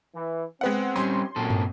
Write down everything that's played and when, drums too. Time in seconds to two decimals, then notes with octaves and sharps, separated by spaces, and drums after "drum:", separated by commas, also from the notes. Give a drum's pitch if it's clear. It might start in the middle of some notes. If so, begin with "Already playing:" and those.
0.14 E3
0.61 G#3 B3 C4 F#5
0.96 G3 C#4 C6, drum: tambourine
1.36 F#2 A#2 C4 A4
1.50 drum: tom